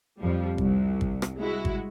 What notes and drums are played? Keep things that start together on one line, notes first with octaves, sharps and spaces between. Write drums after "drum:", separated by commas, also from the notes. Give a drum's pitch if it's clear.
F2 F3 G3
C2, drum: kick
drum: kick
drum: rim click
G#3 E4 F#4
drum: kick